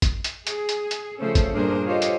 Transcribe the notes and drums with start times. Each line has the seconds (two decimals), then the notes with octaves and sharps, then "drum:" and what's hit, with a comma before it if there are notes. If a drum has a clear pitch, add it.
0.02 drum: kick, hi-hat
0.24 drum: hi-hat
0.47 G#4, drum: hi-hat
0.69 drum: hi-hat
0.91 drum: hi-hat
1.19 C#3 F3 A3 C#4 A4 C5
1.35 drum: kick, hi-hat
1.54 G2 A#2 D4 G#4 A#4 C5
1.85 F4 G4 A4 C5 C#5 D#5
2.02 drum: hi-hat